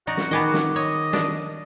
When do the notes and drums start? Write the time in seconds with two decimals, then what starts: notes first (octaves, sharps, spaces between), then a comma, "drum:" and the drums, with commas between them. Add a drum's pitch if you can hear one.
0.07 D#4 F#4 D5
0.17 drum: snare
0.31 D#3 B3 G#4 D#5 D6
0.54 drum: snare
0.76 C#5 D#5
1.13 D4, drum: snare